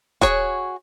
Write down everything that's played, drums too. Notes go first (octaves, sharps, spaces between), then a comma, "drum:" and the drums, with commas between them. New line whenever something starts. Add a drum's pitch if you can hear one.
F#4 G#4 C#5, drum: kick D#1, hi-hat